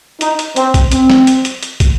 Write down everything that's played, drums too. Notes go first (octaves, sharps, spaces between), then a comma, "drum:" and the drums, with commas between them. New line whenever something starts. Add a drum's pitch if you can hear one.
D#4, drum: hi-hat
drum: hi-hat
C4, drum: hi-hat
drum: kick, hi-hat
C4, drum: hi-hat
drum: snare
drum: hi-hat
drum: hi-hat
drum: hi-hat
drum: kick, hi-hat